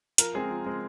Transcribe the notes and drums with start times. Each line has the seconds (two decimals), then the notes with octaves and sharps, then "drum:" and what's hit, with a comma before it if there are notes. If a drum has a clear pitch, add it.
0.18 F3 A#4, drum: hi-hat
0.34 G#3 C4 G#4
0.49 F3
0.66 G#3 C4